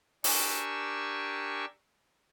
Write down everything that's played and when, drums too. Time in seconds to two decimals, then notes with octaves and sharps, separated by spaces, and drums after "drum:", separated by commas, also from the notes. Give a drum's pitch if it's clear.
0.24 D4 G4 A#4 G#5 C#6 E6, drum: open hi-hat